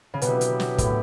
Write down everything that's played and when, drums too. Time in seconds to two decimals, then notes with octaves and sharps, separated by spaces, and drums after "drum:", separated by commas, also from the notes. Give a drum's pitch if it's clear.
0.14 C#3
0.22 B2 D3 F#3 B3 E4 G4, drum: hi-hat
0.41 drum: hi-hat
0.60 drum: snare
0.78 A2, drum: kick, hi-hat